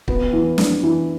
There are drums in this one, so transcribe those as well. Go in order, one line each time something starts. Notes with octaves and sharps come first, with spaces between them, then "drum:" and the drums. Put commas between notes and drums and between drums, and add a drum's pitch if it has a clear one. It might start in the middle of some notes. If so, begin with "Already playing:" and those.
B3, drum: kick
E3
D4, drum: snare
E3